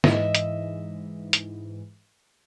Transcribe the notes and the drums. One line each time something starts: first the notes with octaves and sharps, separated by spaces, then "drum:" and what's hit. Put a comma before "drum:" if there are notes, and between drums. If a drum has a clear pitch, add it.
G#2 E3 D#5 E5, drum: snare
drum: hi-hat
drum: hi-hat